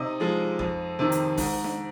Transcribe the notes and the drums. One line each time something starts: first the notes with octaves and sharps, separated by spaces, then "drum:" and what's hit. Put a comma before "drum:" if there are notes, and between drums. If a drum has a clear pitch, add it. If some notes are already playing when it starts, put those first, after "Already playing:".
Already playing: C3 D#4 D#5
F3 G#3
F2, drum: kick G#1
C3 D#3
drum: hi-hat
G#2, drum: kick G#1, open hi-hat
drum: snare D4